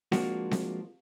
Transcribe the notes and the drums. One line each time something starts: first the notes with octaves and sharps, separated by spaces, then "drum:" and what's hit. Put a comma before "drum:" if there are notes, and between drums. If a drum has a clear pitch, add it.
F3 G#3 A#3 D4 F#4, drum: snare C4
drum: snare C4